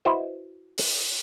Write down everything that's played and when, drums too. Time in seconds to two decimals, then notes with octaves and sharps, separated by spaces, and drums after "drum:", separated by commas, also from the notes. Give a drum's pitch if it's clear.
0.05 E4 F#4 B4 C5 D#5
0.78 drum: open hi-hat